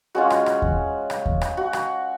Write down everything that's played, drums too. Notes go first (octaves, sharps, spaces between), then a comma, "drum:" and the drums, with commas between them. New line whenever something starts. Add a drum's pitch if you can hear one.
G#3 C#4 F4 F#4
drum: rim click
drum: rim click
drum: kick D#2
drum: rim click
drum: kick D#2
drum: rim click
F#4
drum: rim click